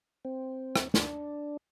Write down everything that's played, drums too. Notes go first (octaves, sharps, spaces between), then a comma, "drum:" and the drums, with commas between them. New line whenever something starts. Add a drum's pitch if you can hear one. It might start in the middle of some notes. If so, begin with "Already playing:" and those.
C4
drum: rim click
D4, drum: snare